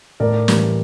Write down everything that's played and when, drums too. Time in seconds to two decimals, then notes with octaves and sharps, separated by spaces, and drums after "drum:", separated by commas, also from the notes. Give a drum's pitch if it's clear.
0.20 A2 A#4 D5
0.48 E3 G3, drum: snare